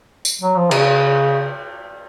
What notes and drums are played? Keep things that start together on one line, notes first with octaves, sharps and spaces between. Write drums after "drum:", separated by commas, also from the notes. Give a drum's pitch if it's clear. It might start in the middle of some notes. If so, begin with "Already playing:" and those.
drum: tambourine
F#3
F3
C#3, drum: cymbal